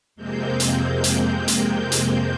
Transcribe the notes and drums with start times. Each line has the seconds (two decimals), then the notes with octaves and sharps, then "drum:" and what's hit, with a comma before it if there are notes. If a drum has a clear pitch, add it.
0.16 F2 C3 G#3 A#3 C4 G6
0.60 drum: hi-hat
1.04 drum: hi-hat
1.48 drum: hi-hat
1.92 drum: hi-hat